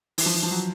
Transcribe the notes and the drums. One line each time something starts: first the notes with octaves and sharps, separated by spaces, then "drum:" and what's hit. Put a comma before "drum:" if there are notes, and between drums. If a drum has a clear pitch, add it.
E3, drum: open hi-hat
F3
E3
F3
F#3